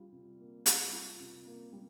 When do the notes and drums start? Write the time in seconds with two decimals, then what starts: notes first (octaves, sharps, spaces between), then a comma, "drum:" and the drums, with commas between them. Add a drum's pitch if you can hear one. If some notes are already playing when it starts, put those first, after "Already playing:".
Already playing: G3 F4
0.12 C3
0.40 A#3
0.66 G3, drum: hi-hat
0.92 F4
1.20 C3
1.46 A#3
1.73 G3